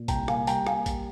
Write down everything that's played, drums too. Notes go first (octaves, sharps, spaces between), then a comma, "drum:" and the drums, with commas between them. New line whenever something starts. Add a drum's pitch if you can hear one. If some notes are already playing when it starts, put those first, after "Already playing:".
Already playing: A#2
C2 G5 A#5, drum: kick A1, hi-hat
A#3 F5 G#5, drum: rim click
G3 G5 A#5, drum: hi-hat
A#3 F5 G#5, drum: rim click
G3, drum: kick A1, hi-hat